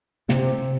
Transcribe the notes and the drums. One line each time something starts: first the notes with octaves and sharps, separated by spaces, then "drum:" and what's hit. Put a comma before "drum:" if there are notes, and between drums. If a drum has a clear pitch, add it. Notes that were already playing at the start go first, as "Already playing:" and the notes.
C3, drum: snare